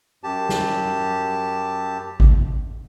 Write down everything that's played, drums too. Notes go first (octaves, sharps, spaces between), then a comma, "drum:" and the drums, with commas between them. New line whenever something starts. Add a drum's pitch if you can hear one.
F#2 G4 A5
drum: snare
drum: kick G#1